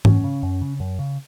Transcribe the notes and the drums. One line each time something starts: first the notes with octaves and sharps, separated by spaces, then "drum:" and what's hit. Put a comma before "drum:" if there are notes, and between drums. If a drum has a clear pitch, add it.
F#2 C#4, drum: tom G#2
C#3
F#2
C#3
F#2
C#3